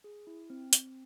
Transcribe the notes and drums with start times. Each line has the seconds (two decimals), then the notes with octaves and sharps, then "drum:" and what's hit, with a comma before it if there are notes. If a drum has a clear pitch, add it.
0.04 G#4
0.27 E4
0.50 C4
0.73 C4, drum: hi-hat